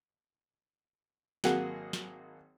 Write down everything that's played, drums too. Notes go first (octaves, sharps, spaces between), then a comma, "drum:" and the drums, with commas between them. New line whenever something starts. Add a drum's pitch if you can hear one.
G#1 F#3 A#3 G#4 F#5, drum: snare
drum: snare